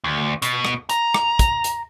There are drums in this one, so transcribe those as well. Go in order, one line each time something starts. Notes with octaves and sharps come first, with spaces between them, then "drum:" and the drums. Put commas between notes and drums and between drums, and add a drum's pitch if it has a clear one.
D2
B2, drum: hi-hat
drum: rim click
A#5, drum: hi-hat
drum: rim click
drum: kick, hi-hat
drum: hi-hat